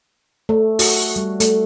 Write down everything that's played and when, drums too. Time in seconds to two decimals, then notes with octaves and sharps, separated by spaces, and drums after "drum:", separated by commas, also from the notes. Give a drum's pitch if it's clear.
0.49 A3
0.79 F#4, drum: open hi-hat
1.16 G3
1.40 A3, drum: hi-hat